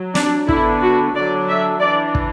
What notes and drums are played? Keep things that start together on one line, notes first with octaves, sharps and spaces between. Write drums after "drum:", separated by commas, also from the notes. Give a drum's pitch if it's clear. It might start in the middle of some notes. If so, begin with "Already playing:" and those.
Already playing: F#3
D4, drum: snare
D3 B3 D4 E4, drum: kick
F#4
D3 F#3 D4 D5
E5
E3 D4 D5
drum: kick